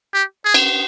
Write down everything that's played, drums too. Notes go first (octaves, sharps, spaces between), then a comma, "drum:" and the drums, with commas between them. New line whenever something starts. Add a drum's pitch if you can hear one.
G4
G#4
drum: cymbal